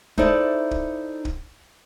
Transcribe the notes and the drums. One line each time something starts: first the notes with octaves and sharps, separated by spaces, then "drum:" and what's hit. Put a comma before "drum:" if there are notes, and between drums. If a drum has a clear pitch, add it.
D#4 E4 A4 C5 D5, drum: kick
drum: kick
drum: kick